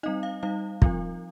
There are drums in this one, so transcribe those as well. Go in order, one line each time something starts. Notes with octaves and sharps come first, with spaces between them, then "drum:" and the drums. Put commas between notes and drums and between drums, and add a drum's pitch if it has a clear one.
G3 C4 D#4 D#5
F5
G3 D#4 F5
F3 C4 F4, drum: kick